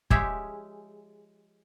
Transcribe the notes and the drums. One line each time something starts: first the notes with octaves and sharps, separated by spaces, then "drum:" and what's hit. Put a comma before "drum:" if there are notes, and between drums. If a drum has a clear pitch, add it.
F3 G#3 G4 G#4 C#5 E5, drum: kick